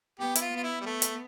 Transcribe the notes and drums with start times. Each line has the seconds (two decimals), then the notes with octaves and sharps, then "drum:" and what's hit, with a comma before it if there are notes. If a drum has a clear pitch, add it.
0.19 B3 G4
0.35 E4, drum: hi-hat
0.41 F4
0.52 B3 F4
0.64 E4
0.81 G3
0.86 A3 B3
1.02 drum: hi-hat